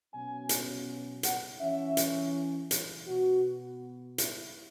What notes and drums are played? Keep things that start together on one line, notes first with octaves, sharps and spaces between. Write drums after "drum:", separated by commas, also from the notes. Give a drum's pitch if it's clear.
B2 F#3 C#4 G#5
drum: hi-hat
F#5, drum: hi-hat
E3 C#4 E5
drum: hi-hat
drum: hi-hat
B2 B3 F#4
E4, drum: hi-hat